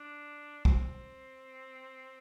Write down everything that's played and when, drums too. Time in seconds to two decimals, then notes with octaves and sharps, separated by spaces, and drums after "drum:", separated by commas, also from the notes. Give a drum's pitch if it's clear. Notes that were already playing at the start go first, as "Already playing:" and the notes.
Already playing: D4
0.65 C4, drum: kick